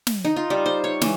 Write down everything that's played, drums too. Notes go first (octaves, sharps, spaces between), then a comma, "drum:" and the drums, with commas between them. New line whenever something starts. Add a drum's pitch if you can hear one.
drum: snare
D#4
F4
G3
C5
C#5
E3, drum: snare